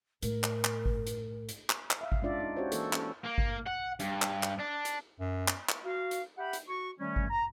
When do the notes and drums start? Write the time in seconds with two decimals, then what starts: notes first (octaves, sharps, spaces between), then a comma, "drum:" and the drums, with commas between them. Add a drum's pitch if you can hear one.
0.23 A2 A#4, drum: hi-hat
0.44 drum: clap
0.65 drum: clap
0.86 drum: kick G#1
1.07 drum: hi-hat
1.49 drum: hi-hat
1.70 drum: clap
1.91 drum: clap
2.01 E5 F5
2.12 drum: kick G#1
2.22 G#3 C#4 D4 F4 D5 E5
2.40 D#4
2.57 C#4 F#4 G4 C5 C#5
2.72 E3 A#3 A4, drum: hi-hat
2.93 C#4 A4, drum: clap
3.24 A#3
3.38 drum: kick G#1
3.66 F#5
4.00 G2, drum: hi-hat
4.22 drum: clap
4.43 drum: clap
4.59 D4
4.85 drum: hi-hat
5.20 F#2
5.48 drum: clap
5.69 drum: clap
5.85 F#4 F5
6.11 drum: hi-hat
6.38 G4 E5 F#5 G5 B5
6.53 drum: hi-hat
6.68 F#4 C#6
6.99 D#3 G3 A3 C#4
7.16 drum: kick G#1
7.30 A#5